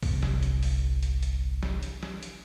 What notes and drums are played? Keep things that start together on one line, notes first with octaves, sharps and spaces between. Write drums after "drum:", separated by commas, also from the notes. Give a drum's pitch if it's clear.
G1 C2, drum: kick, open hi-hat
drum: snare
drum: hi-hat
drum: open hi-hat
drum: hi-hat
drum: hi-hat
drum: snare
drum: hi-hat
drum: snare
drum: hi-hat